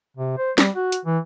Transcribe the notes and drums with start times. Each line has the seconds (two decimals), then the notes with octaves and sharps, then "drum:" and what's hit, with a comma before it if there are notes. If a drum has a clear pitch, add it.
0.17 C3
0.38 C5
0.58 G3, drum: snare
0.75 F#4
0.92 drum: hi-hat
1.05 E3